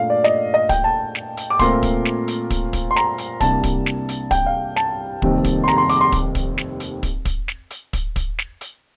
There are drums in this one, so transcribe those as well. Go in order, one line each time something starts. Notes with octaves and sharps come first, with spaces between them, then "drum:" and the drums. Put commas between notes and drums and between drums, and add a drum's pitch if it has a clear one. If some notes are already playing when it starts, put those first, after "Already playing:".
Already playing: A#2 A3 D4 F5
D5
D#5, drum: snare
D#5
G5, drum: kick, hi-hat
A5
drum: snare
drum: hi-hat
D6
A#2 A3 C4 F4 A#4 C6, drum: kick, hi-hat
drum: kick, hi-hat
drum: snare
drum: hi-hat
drum: kick, hi-hat
drum: kick, hi-hat
C6
A#5, drum: snare
drum: hi-hat
C2 C3 G3 A#3 D4 A5, drum: kick, hi-hat
drum: kick, hi-hat
drum: snare
drum: hi-hat
G5, drum: kick, hi-hat
F5
A5, drum: snare
F1 D#2 D#3 G3 C4, drum: kick
drum: kick, hi-hat
C6
A#5, drum: snare
C6
D6, drum: hi-hat
C6
drum: kick, hi-hat
drum: kick, hi-hat
drum: snare
drum: hi-hat
drum: kick, hi-hat
drum: kick, hi-hat
drum: snare
drum: hi-hat
drum: kick, hi-hat
drum: kick, hi-hat
drum: snare
drum: hi-hat